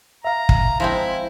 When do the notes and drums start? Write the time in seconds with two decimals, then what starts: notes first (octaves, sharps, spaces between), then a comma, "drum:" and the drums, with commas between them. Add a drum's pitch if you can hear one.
0.25 E5 F5 A#5
0.49 drum: kick
0.80 F3 G#3 C4 E4